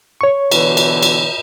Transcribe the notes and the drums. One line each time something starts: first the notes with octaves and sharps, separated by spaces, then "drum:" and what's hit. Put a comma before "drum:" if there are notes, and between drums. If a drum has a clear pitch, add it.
C#5 C#6
B2 D3 E3, drum: cymbal
drum: cymbal
drum: cymbal